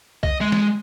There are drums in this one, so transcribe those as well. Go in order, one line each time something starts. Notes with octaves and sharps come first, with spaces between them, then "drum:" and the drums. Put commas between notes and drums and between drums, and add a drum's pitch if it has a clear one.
D#5, drum: kick C2
G#3
drum: snare